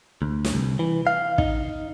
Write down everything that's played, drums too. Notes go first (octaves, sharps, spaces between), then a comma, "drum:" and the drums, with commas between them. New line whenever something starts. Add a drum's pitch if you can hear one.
D2
drum: snare
C2
E3
F5
D#4, drum: kick